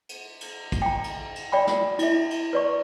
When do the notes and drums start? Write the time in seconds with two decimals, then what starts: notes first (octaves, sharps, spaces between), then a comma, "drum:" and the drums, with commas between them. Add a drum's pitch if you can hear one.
0.09 drum: cymbal
0.41 drum: cymbal
0.72 drum: kick, cymbal
0.82 G5 A#5
1.04 drum: cymbal
1.36 drum: cymbal
1.52 D5 G5 B5
1.67 drum: snare
1.99 E4 E5, drum: cymbal
2.30 drum: cymbal
2.53 B4 D5 C#6